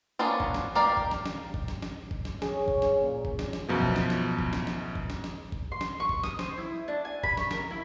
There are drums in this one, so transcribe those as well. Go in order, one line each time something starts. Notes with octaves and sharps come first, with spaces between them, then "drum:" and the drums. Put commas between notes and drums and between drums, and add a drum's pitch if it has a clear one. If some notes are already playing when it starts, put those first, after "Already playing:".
A#3 B3 C#4 D4 F4
drum: kick
drum: snare
G4 A#4 D5 F5
drum: kick
drum: snare
drum: snare
drum: kick
drum: snare
drum: snare
drum: kick
drum: snare
C#4 G#4 C#5, drum: snare
drum: kick
drum: snare
A#2
drum: kick
drum: snare
drum: snare
F#2 B2 F3
drum: kick
drum: snare
drum: snare
drum: kick
drum: snare
drum: snare
drum: kick
drum: snare
drum: snare
drum: kick
C6
drum: snare
C#6
drum: kick
D#6, drum: snare
C5, drum: snare
E4
D4
G#5
B5, drum: kick
C#6, drum: snare
A#4, drum: snare
E4